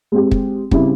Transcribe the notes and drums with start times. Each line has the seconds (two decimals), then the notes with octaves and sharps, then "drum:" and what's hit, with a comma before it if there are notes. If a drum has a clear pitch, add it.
0.12 G#3 C4 G4
0.31 drum: kick
0.71 C#3 G3 C4 E4, drum: kick